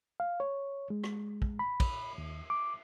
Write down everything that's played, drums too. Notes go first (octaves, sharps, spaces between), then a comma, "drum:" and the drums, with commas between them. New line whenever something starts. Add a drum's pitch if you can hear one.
F5
C#5
G#3
drum: rim click
drum: kick
B5
drum: kick, cymbal
D#2
D6